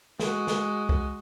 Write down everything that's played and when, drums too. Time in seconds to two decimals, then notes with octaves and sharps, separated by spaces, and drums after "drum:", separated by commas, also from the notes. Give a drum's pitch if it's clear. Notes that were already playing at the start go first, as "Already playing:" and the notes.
0.20 G#3 F#4, drum: snare
0.47 drum: snare
0.89 drum: kick